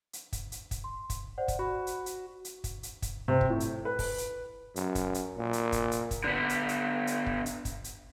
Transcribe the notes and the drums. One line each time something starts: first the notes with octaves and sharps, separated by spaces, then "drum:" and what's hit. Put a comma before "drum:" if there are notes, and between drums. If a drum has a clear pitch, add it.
drum: hi-hat
drum: kick, hi-hat
drum: hi-hat
drum: kick, hi-hat
C6
drum: kick, hi-hat
C5 D5 F#5
drum: kick, hi-hat
F#4 B5
drum: hi-hat
drum: hi-hat
drum: hi-hat
drum: kick, hi-hat
drum: hi-hat
drum: kick, hi-hat
C3
drum: kick
A2
drum: hi-hat
B4
drum: kick, open hi-hat
drum: hi-hat
F#2, drum: hi-hat
drum: kick, hi-hat
drum: hi-hat
A#2
drum: hi-hat
drum: kick, hi-hat
drum: hi-hat
drum: kick, hi-hat
D3 B3
drum: hi-hat
drum: hi-hat
drum: hi-hat
drum: kick
drum: hi-hat
drum: kick, hi-hat
drum: hi-hat